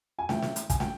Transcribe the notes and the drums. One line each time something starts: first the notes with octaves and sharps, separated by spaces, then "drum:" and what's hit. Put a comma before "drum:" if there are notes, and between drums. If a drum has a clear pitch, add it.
G#5
A2 E3 G5, drum: snare
drum: snare
drum: hi-hat
G#5, drum: kick, hi-hat
G5, drum: snare